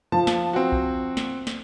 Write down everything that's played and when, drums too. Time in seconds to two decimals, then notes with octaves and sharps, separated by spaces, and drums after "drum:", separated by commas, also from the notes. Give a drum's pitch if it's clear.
0.12 F3 A5
0.27 drum: snare
0.53 C4 F#4
0.72 drum: kick B1
1.17 drum: snare
1.47 drum: snare